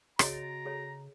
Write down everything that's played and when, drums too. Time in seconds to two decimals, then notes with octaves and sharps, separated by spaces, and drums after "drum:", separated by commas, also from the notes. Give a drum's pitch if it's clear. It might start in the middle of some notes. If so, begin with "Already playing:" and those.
0.19 C#3 F#4 G#4 C#5 D#5 A#5 A6 D7, drum: rim click
0.65 G#4 A4 C#5